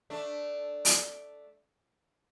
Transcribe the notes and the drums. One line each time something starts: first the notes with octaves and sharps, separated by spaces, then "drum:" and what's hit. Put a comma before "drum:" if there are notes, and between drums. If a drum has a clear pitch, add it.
A3 D4
drum: hi-hat